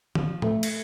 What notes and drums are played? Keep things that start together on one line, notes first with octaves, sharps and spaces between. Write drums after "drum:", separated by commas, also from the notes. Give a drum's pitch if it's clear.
F3, drum: tom D3
A3, drum: tom
drum: cymbal